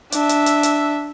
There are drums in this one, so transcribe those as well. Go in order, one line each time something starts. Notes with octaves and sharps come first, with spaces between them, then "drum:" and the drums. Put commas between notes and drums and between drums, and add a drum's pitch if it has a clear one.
D4 E5, drum: hi-hat
drum: hi-hat
drum: hi-hat
drum: hi-hat